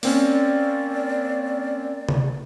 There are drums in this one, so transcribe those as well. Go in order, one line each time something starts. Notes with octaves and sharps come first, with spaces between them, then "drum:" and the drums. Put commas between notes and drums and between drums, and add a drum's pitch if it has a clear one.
A#3 C4 C#4 D5, drum: open hi-hat
drum: tom C3